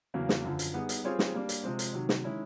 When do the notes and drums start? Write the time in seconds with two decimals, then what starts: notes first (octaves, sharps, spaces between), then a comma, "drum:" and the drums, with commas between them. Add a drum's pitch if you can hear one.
0.14 E2 C#3 F#3 A#3
0.29 drum: snare
0.44 F#2 D3 F3
0.59 drum: hi-hat
0.74 G3 B3 D#4 G#4
0.89 drum: hi-hat
1.04 G3 C4 F4 G#4 C#5
1.19 drum: snare
1.34 G3 A#3 D4
1.49 drum: hi-hat
1.63 C3 F3 G#3 C4
1.79 drum: hi-hat
1.93 C3 D#3 F#3
2.09 drum: snare
2.24 D#3 G#3 C#4 E4